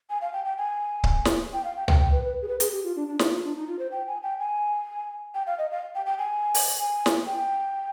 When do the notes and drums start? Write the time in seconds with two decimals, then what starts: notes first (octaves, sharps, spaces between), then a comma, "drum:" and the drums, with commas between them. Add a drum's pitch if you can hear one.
0.10 G#5
0.21 F5
0.33 G5
0.45 G5
0.58 G#5
1.04 drum: kick C#1
1.25 drum: snare
1.53 G5
1.64 F5
1.76 G5
1.88 G5, drum: tom C#2
2.00 G5
2.12 B4
2.25 B4
2.42 G#4
2.48 B4
2.60 G#4, drum: hi-hat
2.72 G4
2.84 F4
2.96 D4
3.08 D4
3.19 D#4, drum: snare
3.32 F4
3.44 D4
3.56 D#4
3.68 F4
3.79 C5
3.91 G5
4.07 G#5
4.23 G5
4.39 G#5
5.34 G5
5.47 F5
5.58 D#5
5.71 F5
5.95 G5
6.06 G5
6.18 G#5
6.54 drum: open hi-hat
6.78 G#5
7.06 drum: snare
7.26 G5